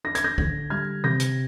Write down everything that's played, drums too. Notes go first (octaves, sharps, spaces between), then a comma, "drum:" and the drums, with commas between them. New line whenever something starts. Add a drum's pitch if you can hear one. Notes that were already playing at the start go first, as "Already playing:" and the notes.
D4 A#6
G#6, drum: hi-hat
G6 A#6
D3, drum: kick
G3 F6 G#6
C3 G6 A#6
drum: hi-hat